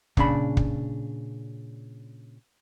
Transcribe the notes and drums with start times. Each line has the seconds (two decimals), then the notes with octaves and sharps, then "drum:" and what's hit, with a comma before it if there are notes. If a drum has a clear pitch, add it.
0.17 A#2 C#3 D4 B5, drum: kick
0.57 drum: kick